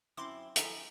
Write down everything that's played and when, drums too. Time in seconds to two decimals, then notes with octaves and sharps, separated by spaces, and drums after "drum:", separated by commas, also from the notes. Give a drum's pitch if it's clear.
0.17 F#2 C4 E4 C6 D6
0.56 F3 E4 A4 E5 G#5 A#5, drum: hi-hat